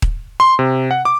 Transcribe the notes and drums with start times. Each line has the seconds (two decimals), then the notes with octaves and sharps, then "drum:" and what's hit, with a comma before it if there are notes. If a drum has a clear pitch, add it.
0.02 drum: kick D#1
0.40 C6
0.59 C3
0.91 F#5
1.05 D6